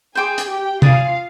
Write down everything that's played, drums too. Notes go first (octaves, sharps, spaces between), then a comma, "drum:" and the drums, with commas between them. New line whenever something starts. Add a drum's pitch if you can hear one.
G#4 C5 G5 G#5 D6
drum: hi-hat
G4 G5
F4 D5 F5 G#5 D#6, drum: tom